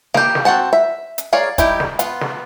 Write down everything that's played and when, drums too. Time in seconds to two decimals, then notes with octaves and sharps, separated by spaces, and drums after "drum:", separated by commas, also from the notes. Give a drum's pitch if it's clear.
0.14 A#3 G4, drum: snare
0.35 drum: snare
0.45 C4 F#4 F#5 A5
0.73 E5
1.18 drum: hi-hat
1.33 G#4 A#4 C#5 D5 F5
1.58 G3 D#4 E4 G4, drum: kick, hi-hat
1.80 drum: snare
1.99 B3 F4, drum: hi-hat
2.21 drum: snare